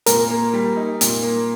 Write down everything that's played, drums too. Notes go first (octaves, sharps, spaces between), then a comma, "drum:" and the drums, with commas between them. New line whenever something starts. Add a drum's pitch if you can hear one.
A#2 A#4, drum: hi-hat
A#3
G3
D#4
A#2, drum: hi-hat
A#3